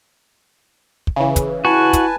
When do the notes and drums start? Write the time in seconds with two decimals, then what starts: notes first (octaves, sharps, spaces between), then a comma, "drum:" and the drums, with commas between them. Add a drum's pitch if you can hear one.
1.07 drum: kick
1.16 C#3 E3
1.36 drum: kick, hi-hat
1.65 E4 F#4 B4 G#5 A5
1.93 drum: kick, hi-hat